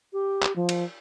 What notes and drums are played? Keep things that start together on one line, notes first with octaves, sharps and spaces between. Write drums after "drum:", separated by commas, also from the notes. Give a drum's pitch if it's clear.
G4
drum: clap
F3
drum: cymbal